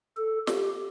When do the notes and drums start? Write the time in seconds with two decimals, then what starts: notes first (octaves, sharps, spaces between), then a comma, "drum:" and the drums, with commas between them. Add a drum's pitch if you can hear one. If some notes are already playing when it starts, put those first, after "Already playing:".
0.17 A4
0.47 G4, drum: snare